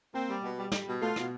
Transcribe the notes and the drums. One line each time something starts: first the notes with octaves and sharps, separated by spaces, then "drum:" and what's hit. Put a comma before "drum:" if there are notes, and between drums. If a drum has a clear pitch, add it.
A#3 C4
G3
B2
G3
G3, drum: snare
B2
A3 F4
B2, drum: rim click